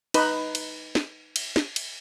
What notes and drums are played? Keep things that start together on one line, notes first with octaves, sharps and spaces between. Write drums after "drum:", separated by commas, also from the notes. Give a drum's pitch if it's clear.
D#4 B4, drum: cymbal
drum: cymbal
drum: snare
drum: cymbal
drum: snare
drum: cymbal